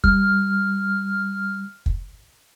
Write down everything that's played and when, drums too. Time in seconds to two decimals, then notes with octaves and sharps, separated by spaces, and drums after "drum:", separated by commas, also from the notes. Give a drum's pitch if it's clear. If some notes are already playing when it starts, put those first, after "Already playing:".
0.04 G3 F6, drum: kick
1.86 drum: kick